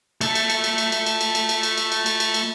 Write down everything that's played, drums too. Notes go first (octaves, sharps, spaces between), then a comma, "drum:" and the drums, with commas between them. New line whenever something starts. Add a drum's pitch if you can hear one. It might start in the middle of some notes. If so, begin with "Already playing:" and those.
A3 A4, drum: cymbal
drum: cymbal
drum: cymbal
drum: cymbal
drum: cymbal
drum: cymbal
drum: cymbal
drum: cymbal
drum: cymbal
drum: cymbal
drum: cymbal
drum: cymbal
drum: cymbal
drum: cymbal
drum: cymbal
drum: cymbal